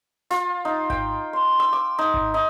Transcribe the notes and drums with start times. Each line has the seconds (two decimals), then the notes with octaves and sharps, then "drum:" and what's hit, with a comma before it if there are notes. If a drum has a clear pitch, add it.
0.30 F4, drum: snare
0.65 D#4
0.90 G5, drum: kick G#1
1.33 C6
1.60 E6
1.73 D6
1.99 D#4
2.14 drum: kick G#1
2.34 D#4